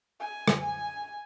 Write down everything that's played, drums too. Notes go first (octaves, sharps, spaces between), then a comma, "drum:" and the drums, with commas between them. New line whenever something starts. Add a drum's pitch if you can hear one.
G#5
drum: rim click
G#5